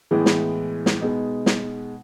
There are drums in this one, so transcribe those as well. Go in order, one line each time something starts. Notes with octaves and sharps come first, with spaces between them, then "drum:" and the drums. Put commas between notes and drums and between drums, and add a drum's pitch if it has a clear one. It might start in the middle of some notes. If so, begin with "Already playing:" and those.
A2 E3 G#3 B3
drum: snare
drum: snare
B2 G#3 B3 D#4
drum: snare